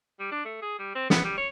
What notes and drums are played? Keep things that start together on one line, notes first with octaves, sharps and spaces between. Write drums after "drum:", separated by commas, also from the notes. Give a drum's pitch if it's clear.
G3
D4
A3
G#4
G3
C4
B3, drum: snare
G3
C#5